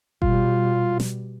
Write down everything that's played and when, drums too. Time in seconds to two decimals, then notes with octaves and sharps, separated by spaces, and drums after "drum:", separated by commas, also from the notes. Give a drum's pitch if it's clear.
0.22 B2 G3 F4, drum: kick G1
1.00 drum: snare